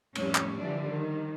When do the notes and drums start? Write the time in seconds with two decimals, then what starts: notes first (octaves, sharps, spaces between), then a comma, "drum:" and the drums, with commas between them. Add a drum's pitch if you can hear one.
0.15 F2 A2 G3 C#4 C#5, drum: cymbal
0.35 drum: clap
0.58 D3 E3 F3 G3 D4
0.88 D#3